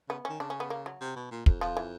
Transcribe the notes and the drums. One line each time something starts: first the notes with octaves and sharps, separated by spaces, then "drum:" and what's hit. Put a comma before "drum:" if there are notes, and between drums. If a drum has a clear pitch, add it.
C#3 B3
D#3 C#4
C#3 D4
C#4
B3
A#3
F#3
C3
B2
A#2
F2, drum: kick
F2 F3
E3